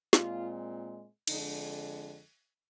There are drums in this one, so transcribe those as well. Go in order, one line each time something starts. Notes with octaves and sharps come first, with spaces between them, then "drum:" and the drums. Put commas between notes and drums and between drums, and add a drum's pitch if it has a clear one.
A#2 G#3 C4 F4, drum: snare
F2 D3 G#3 D4 D#4, drum: cymbal